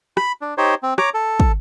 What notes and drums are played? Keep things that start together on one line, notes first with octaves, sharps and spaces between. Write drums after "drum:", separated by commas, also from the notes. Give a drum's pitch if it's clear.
B5, drum: rim click
D4
D#4 G4 C5 C#5
C4
C#5 A#5 D6, drum: rim click
A4
drum: kick